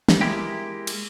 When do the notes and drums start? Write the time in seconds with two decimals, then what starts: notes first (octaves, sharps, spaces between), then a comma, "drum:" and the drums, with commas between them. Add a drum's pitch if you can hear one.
0.09 drum: snare
0.21 G#3 A#3 E4 G4
0.87 drum: cymbal